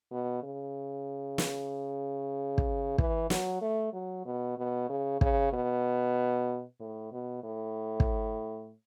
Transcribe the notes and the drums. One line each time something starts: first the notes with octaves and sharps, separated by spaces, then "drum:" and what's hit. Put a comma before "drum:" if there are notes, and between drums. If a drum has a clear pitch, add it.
B2
C#3
drum: snare
drum: kick
E3, drum: kick
F#3, drum: snare
A3
F#3
B2
B2
C#3
C#3, drum: kick
B2
A2
B2
A2
drum: kick